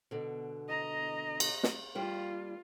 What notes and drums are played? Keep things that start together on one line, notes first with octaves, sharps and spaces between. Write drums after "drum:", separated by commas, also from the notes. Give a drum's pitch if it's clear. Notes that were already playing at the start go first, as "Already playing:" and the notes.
B2 D3
D#5 A#5
drum: cymbal
drum: snare
G3 A#3 D4 F4